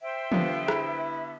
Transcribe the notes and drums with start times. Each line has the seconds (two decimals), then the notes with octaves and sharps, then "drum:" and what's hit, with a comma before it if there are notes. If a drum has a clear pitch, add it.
0.02 C5 E5 G5
0.32 D3 G3 B3 F4, drum: tom E3
0.68 E4, drum: rim click